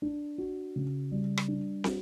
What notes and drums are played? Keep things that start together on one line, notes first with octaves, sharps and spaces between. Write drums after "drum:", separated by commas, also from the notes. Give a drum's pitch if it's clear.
D4
F#4
C#3
G3
drum: rim click
D4
F#4, drum: snare